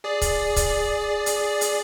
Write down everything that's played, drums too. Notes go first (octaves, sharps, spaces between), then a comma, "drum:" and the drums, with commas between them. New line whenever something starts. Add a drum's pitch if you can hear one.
G#4 D5
drum: kick C#1, hi-hat
drum: kick C#1, hi-hat
drum: hi-hat
drum: hi-hat